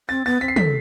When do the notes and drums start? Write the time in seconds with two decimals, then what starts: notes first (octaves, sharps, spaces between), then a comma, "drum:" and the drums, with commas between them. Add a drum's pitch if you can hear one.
0.09 C4 A6
0.26 B3 A6
0.41 C4 B6
0.48 C7
0.56 A4 B6, drum: tom